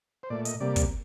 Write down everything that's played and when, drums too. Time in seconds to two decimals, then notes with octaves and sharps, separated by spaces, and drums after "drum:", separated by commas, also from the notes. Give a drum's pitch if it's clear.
0.23 C5
0.30 A#2 A3 D5
0.45 D#5, drum: hi-hat
0.60 C3 G3 A#3 D5
0.76 drum: kick, hi-hat